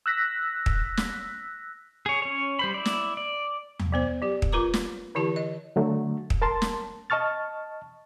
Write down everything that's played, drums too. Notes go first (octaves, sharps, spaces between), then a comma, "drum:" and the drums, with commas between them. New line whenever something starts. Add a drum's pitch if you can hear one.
E6 F#6 A#6 B6
drum: kick
drum: snare
G#4 C#5
C#4 C#5
G3 C5 B5
E4 D5
drum: snare
D5
drum: tom E2
F#3 B3 C5
F#3 G4
drum: kick
F4 A#4 B4 A#5 D6
drum: snare
D3 E3 E4 G4 A5
D#5
D3 F#3 A3
drum: kick
A#4 A5 C6
drum: snare
D#5 A5 C#6 F6 A6